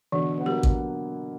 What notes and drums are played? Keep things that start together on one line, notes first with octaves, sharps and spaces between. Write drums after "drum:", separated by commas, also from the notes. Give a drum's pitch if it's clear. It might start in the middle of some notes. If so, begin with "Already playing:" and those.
B2 D3 E3
B3
F#3 A#3 G4
drum: kick A1